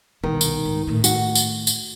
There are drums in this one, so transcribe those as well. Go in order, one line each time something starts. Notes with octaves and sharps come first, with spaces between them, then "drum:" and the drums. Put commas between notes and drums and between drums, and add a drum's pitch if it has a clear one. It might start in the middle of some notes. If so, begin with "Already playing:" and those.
C2 B2 D#3
drum: tambourine
G#2
A2 D#3
F#4, drum: tambourine
drum: tambourine
drum: tambourine